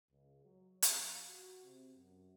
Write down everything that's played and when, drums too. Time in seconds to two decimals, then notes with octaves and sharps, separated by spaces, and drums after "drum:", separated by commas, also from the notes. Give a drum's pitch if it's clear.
0.10 C#2
0.43 F#3
0.82 F2, drum: hi-hat
1.27 F#4
1.64 C3
1.96 F#2